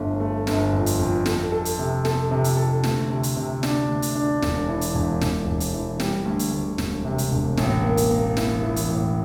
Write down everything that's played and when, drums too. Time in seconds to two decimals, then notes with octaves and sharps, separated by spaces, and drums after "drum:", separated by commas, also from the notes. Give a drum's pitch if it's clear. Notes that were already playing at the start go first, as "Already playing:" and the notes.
Already playing: G1 A3
0.20 A3
0.47 G1, drum: snare
0.73 F2
0.86 drum: hi-hat
1.00 F2
1.26 A4, drum: snare
1.52 A4
1.65 drum: hi-hat
1.79 C3
2.05 A4, drum: snare
2.31 C3
2.44 drum: hi-hat
2.57 A4
2.84 D2, drum: snare
3.10 C3
3.23 drum: hi-hat
3.36 C3
3.63 D4, drum: snare
3.89 D2
4.02 drum: hi-hat
4.16 D4
4.42 E1, drum: snare
4.68 E3
4.81 drum: hi-hat
4.95 E1
5.21 E1, drum: snare
5.47 E1
5.60 drum: hi-hat
5.73 E3
6.00 G3, drum: snare
6.26 D2
6.39 drum: hi-hat
6.52 D2
6.78 E1, drum: snare
7.05 C3
7.18 drum: hi-hat
7.32 E1
7.57 A1, drum: snare
7.84 A#3
7.97 drum: hi-hat
8.11 A#3
8.37 E3, drum: snare
8.63 E3
8.76 drum: hi-hat
8.89 A1